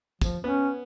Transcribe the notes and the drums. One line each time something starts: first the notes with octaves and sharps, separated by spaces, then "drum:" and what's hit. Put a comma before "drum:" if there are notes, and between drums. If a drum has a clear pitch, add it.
F3, drum: kick, tambourine
B3 C#4